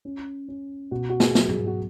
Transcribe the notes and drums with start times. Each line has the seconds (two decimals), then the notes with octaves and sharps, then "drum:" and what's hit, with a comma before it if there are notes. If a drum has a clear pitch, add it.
0.05 C#4
0.48 C#4
0.91 B2 F#4
1.09 F#4
1.20 G#4, drum: snare
1.35 F#3, drum: snare
1.49 G#4, drum: tom
1.67 F#4